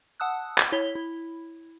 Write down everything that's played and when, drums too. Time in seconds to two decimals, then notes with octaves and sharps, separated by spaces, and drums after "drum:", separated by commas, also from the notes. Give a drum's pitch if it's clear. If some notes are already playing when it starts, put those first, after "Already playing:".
0.20 F#5 A5 D#6 E6 F#6
0.58 drum: clap
0.72 E4 C#5 B6 G7
0.95 E4